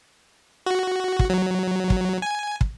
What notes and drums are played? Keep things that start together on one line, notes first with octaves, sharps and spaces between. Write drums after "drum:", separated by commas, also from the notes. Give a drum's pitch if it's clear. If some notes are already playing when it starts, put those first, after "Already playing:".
F#4
drum: kick
F#3
drum: kick
G#5
drum: kick